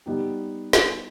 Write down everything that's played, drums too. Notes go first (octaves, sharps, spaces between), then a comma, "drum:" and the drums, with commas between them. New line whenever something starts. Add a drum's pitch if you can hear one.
G3 B3 D#4 G4
drum: snare